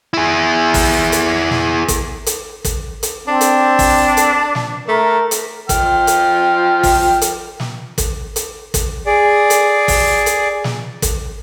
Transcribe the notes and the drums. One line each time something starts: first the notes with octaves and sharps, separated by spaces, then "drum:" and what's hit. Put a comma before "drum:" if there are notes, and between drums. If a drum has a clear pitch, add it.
E4 G#4
drum: kick, open hi-hat
drum: hi-hat
drum: snare
drum: kick, hi-hat
drum: hi-hat
drum: kick, hi-hat
drum: hi-hat
C4 D4
drum: hi-hat
drum: kick, open hi-hat
drum: hi-hat
drum: snare
A3 A#4
drum: hi-hat
F3 G5 F6, drum: kick, hi-hat
drum: hi-hat
drum: kick, open hi-hat
drum: hi-hat
drum: snare
drum: kick, hi-hat
drum: hi-hat
drum: kick, hi-hat
G#4 D5
drum: hi-hat
drum: kick, open hi-hat
drum: hi-hat
drum: snare
drum: kick, hi-hat